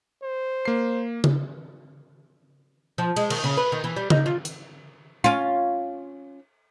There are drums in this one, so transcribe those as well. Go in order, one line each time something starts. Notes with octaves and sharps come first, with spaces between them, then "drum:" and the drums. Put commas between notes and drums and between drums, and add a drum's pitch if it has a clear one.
C5
A#3 C7
drum: tom C#3
F3
G#3, drum: cymbal
D#3, drum: cymbal
C#3
B4
D#3
E3
G3
D#4, drum: tom C#3
F4
drum: hi-hat
C#4 F4